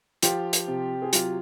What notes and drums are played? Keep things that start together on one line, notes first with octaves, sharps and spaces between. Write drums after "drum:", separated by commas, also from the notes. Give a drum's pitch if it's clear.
F3 F4 G4, drum: hi-hat
drum: hi-hat
C3
G#4
F#3 F4 G4, drum: hi-hat